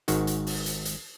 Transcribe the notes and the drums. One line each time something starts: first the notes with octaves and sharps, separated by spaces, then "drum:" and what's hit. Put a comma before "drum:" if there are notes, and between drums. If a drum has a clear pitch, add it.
G#1 G#2 D#3 F#4, drum: hi-hat
drum: hi-hat
drum: open hi-hat
drum: hi-hat
drum: hi-hat